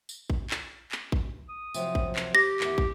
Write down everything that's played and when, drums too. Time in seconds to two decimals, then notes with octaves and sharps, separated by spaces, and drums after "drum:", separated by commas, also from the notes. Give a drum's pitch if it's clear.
0.09 drum: tambourine
0.30 drum: kick
0.50 drum: clap
0.92 drum: clap
1.12 drum: kick
1.49 D#6
1.74 C3 F3 F#3, drum: tambourine
1.95 drum: kick
2.16 drum: clap
2.35 G4 A#6
2.60 E2 D#3, drum: clap
2.78 drum: kick